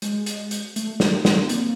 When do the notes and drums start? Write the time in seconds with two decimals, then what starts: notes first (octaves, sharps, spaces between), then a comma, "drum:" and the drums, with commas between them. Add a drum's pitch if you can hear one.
0.02 G#3, drum: hi-hat
0.26 drum: hi-hat
0.51 drum: hi-hat
0.76 A3, drum: hi-hat
1.00 C4, drum: snare
1.25 C4, drum: snare
1.49 A#3, drum: hi-hat